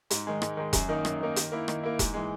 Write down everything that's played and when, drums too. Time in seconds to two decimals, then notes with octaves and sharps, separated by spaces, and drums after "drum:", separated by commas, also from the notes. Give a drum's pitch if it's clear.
0.10 G#2, drum: hi-hat
0.27 D#3 G#3
0.42 G#2, drum: rim click
0.57 D#3 G#3
0.73 F#2, drum: kick E1, hi-hat
0.89 D#3 A#3 D#4
1.05 F#2, drum: rim click
1.21 D#3 A#3 D#4
1.36 D#3, drum: hi-hat
1.52 A#3 E4
1.68 D#3, drum: rim click
1.83 A#3 E4
1.99 G#2, drum: kick E1, hi-hat
2.14 E3 G#3